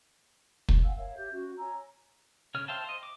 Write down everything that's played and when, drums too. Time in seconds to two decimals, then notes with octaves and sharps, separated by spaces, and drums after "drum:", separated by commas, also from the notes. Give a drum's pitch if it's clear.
0.69 drum: kick
0.84 F5 F#5 G#5 E6
0.96 A#4 C#5 E5 F5
1.16 G4 E5 G6
1.32 C#4 F#4
1.57 C#5 G#5 A#5 E6
2.55 C#3 C#5 F6
2.68 C5 E5 F5 G5 A5
2.84 C5 D#5
3.03 D6